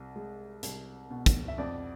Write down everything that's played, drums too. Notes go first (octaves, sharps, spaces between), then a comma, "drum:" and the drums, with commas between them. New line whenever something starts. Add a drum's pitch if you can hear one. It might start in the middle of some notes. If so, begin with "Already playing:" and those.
Already playing: C2
G#3
C2, drum: hi-hat
B2
drum: kick, hi-hat
E5
F2 D5